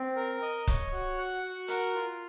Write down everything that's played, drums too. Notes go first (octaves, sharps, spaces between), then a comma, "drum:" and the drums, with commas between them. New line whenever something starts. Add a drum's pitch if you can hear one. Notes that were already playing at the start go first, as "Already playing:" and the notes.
Already playing: C4
A#4
D#5
C#5, drum: kick, hi-hat
F#4
F#5
F#4
A#4, drum: hi-hat
F4